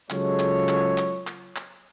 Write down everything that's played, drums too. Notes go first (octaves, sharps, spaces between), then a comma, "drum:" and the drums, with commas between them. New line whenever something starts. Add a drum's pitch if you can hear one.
C#3 F#3 G#3 F4 A4 C#5, drum: clap
drum: clap
drum: clap
drum: clap
drum: clap
drum: clap